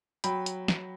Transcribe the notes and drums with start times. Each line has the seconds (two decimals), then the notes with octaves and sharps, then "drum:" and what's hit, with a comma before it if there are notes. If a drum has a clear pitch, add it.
0.24 F#3 G5 B5, drum: hi-hat
0.46 drum: hi-hat
0.68 drum: snare